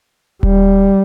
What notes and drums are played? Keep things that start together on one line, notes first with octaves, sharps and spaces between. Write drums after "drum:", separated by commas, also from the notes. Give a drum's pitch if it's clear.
G3, drum: kick D#1